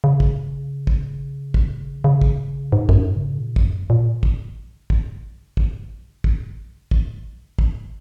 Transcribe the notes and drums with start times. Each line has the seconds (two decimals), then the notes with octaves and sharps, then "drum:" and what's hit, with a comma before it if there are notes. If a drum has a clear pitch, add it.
0.04 C#3
0.20 drum: kick
0.87 drum: kick
1.54 drum: kick
2.04 C#3
2.21 drum: kick
2.72 G#2
2.89 F#2, drum: kick
2.94 G#2
3.16 C#3
3.38 A#2
3.56 F#2, drum: kick
3.90 A#2
4.23 drum: kick
4.90 drum: kick
5.57 drum: kick
6.24 drum: kick
6.91 drum: kick
7.59 drum: kick